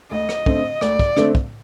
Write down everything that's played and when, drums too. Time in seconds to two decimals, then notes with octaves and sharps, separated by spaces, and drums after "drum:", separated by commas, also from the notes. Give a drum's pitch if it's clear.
0.11 D2 D#5
0.29 drum: rim click
0.46 D3 A3 C4, drum: kick
0.81 D2 D5, drum: rim click
0.99 drum: kick
1.17 D3 A3 C4, drum: rim click
1.35 drum: kick